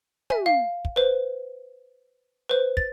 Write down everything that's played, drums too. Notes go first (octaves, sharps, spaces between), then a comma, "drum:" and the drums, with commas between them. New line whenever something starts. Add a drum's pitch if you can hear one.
E5 G#5, drum: tom
F5
drum: kick
B4 C5
B4 C5
A6, drum: kick